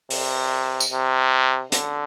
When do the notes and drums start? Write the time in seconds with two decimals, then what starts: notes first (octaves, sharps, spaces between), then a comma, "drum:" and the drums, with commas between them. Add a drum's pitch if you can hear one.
0.10 C3, drum: open hi-hat
0.80 drum: tambourine
0.91 C3
1.72 D3, drum: hi-hat